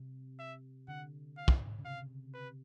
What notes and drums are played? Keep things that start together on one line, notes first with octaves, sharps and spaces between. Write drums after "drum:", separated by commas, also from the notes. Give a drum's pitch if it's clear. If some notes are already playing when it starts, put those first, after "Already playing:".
Already playing: C3
E5
D3 F#5
F5
drum: kick
C#3
C3 F5
B4